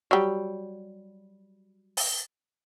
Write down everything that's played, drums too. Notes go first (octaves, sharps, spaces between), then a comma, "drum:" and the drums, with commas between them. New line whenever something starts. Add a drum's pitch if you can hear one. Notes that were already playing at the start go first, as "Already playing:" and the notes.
F#3 G3
drum: open hi-hat